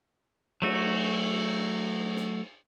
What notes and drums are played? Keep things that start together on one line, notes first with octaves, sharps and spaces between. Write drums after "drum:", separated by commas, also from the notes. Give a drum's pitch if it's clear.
F#3 A3 F#4, drum: cymbal
drum: snare